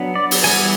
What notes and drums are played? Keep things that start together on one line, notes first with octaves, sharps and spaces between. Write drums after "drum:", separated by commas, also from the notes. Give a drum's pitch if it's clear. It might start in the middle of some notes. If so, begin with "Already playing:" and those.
Already playing: F#3 B3 D4
D5
drum: open hi-hat
E3 G3 B3 G#5